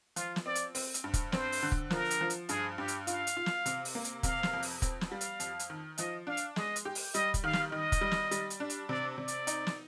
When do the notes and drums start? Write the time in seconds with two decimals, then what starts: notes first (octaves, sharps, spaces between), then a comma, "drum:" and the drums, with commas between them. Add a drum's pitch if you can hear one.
0.16 F3 F4, drum: hi-hat
0.36 drum: snare
0.45 C4 D5
0.55 drum: hi-hat
0.75 C4, drum: open hi-hat
0.94 drum: hi-hat
1.04 G2
1.14 drum: kick, hi-hat
1.32 C4 C5, drum: snare
1.52 drum: open hi-hat
1.63 D3
1.72 drum: kick
1.90 F3 A#4, drum: snare
2.10 drum: hi-hat
2.21 F3
2.30 drum: hi-hat
2.49 G2 G#4, drum: hi-hat
2.78 G2 G4
2.88 drum: hi-hat
3.07 F4 F5, drum: hi-hat
3.27 drum: hi-hat
3.37 F4
3.46 drum: snare
3.66 C3, drum: hi-hat
3.85 drum: open hi-hat
3.95 A#3
4.04 drum: hi-hat
4.23 C3 F5, drum: kick, hi-hat
4.43 drum: snare
4.53 F2
4.63 drum: open hi-hat
4.82 C4, drum: kick, hi-hat
5.01 drum: snare
5.10 G3 F5
5.21 drum: hi-hat
5.40 F2, drum: hi-hat
5.59 drum: hi-hat
5.70 D#3
5.98 F3 D#5, drum: hi-hat
6.27 D4 F5
6.37 drum: hi-hat
6.56 G#3 D#5, drum: snare
6.76 drum: hi-hat
6.85 G4
6.95 drum: open hi-hat
7.14 G3 D#5, drum: hi-hat
7.34 drum: kick, hi-hat
7.44 D#3 F5
7.53 drum: snare
7.72 D#3 D#5
7.92 drum: kick, hi-hat
8.01 G3
8.11 drum: snare
8.31 G3, drum: hi-hat
8.50 drum: hi-hat
8.60 D4
8.70 drum: hi-hat
8.89 C3 D5
9.17 C3 D5
9.28 drum: hi-hat
9.47 D#4, drum: hi-hat
9.67 drum: snare